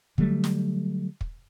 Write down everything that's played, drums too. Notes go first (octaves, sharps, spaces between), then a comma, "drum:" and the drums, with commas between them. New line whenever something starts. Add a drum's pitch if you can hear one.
D3 F#3 G3 A3, drum: kick
drum: snare
drum: kick